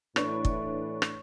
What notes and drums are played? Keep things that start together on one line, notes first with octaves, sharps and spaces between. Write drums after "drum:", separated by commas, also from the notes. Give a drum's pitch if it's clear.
A2 E3 D4 B4 C#5, drum: rim click
drum: kick
drum: rim click